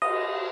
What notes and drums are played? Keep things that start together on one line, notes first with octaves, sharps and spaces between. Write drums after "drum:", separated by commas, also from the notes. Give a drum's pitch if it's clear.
D#5, drum: cymbal